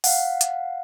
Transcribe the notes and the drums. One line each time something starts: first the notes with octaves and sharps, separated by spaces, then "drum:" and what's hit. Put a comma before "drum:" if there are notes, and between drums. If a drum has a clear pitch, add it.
F5 F#5, drum: open hi-hat
drum: hi-hat